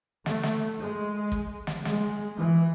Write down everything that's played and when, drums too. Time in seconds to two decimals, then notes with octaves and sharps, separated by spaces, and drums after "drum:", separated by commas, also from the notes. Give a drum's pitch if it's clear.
0.26 A3, drum: snare
0.43 drum: snare
0.78 G#3
1.32 drum: kick
1.67 drum: snare
1.85 G#3, drum: snare
2.37 E3